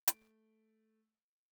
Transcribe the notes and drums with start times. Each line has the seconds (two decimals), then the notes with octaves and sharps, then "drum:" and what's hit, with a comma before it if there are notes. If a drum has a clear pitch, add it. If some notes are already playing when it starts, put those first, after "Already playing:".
0.08 A3 D7, drum: hi-hat